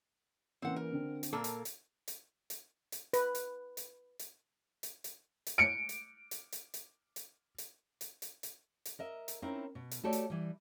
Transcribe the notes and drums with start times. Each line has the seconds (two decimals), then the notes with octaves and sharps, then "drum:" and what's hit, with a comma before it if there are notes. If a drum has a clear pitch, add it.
0.62 E3 A#3 C4 C#4 F#5
0.76 A#4
0.92 D3 C4
1.23 drum: hi-hat
1.33 A#2 A#3 A4 A5
1.44 drum: hi-hat
1.65 drum: hi-hat
2.08 drum: hi-hat
2.50 drum: hi-hat
2.92 drum: hi-hat
3.13 B4, drum: hi-hat
3.35 drum: hi-hat
3.77 drum: hi-hat
4.19 drum: hi-hat
4.83 drum: hi-hat
5.04 drum: hi-hat
5.47 drum: hi-hat
5.58 C#7 D7
5.89 drum: hi-hat
6.31 drum: hi-hat
6.52 drum: hi-hat
6.74 drum: hi-hat
7.16 drum: hi-hat
7.58 drum: hi-hat
8.01 drum: hi-hat
8.22 drum: hi-hat
8.43 drum: hi-hat
8.85 drum: hi-hat
8.99 A#4 D#5 E5
9.28 drum: hi-hat
9.42 C4 C#4 D#4 E4 A#4
9.75 B2
9.91 drum: hi-hat
10.03 A3 F#4 G4 A4 C#5 D5
10.13 drum: hi-hat
10.30 E3 G3